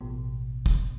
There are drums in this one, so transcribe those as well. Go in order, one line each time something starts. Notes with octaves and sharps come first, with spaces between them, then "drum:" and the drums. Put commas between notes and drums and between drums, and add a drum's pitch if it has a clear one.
A1 B2
drum: kick